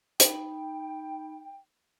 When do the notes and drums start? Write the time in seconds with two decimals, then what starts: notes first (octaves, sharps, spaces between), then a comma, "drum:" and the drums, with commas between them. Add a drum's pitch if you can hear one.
0.20 D#4 G5 B5, drum: hi-hat